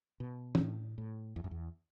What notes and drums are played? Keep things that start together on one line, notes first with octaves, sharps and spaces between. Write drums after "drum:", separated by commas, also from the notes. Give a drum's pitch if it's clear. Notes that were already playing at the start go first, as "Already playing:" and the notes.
B2
G2, drum: tom
A2
A2
E2
F#2
E2